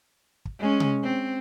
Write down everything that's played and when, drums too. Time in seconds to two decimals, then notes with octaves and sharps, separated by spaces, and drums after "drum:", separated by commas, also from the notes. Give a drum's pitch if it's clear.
0.45 drum: kick
0.59 G#3 C#4
0.80 drum: tom C3
1.03 C4